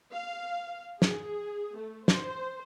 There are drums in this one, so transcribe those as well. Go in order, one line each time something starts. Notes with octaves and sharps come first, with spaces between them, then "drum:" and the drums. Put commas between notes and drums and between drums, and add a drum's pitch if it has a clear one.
F5
G#4, drum: snare
A3
C5, drum: snare